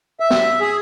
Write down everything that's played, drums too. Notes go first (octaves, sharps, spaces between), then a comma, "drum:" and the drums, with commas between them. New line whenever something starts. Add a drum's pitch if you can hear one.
E5
drum: snare
G#4